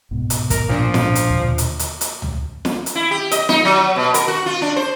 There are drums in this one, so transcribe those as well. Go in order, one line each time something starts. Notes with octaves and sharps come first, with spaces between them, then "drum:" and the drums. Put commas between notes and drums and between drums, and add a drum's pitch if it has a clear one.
C2 G#2 B2
drum: hi-hat
A#4, drum: kick, hi-hat
A#2 F3 D4 D7
drum: snare
drum: hi-hat
D#2 B2 D3
drum: hi-hat
drum: hi-hat
drum: hi-hat
drum: tom C#2
drum: snare
drum: hi-hat
E4
G4
D#5, drum: hi-hat
D#4, drum: snare
F#3
B2
A#4, drum: hi-hat
F#4
F4
D4
C5